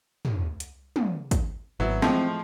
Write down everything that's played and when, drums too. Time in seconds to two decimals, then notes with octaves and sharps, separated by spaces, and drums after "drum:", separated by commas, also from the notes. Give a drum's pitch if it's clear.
0.25 drum: tom
0.60 drum: hi-hat
0.96 drum: tom
1.31 drum: kick, hi-hat
1.80 G#1 F#3 B3 E4
2.02 A2 F3 G#3 C4, drum: snare